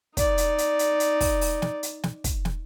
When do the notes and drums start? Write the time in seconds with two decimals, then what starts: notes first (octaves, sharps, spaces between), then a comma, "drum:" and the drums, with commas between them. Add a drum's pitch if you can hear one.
0.17 D#4 D5, drum: kick, hi-hat
0.38 drum: hi-hat
0.58 drum: hi-hat
0.79 drum: hi-hat
1.00 drum: hi-hat
1.21 drum: kick, open hi-hat
1.41 drum: open hi-hat
1.62 drum: snare
1.83 drum: hi-hat
2.03 drum: snare
2.24 drum: kick, hi-hat
2.45 drum: snare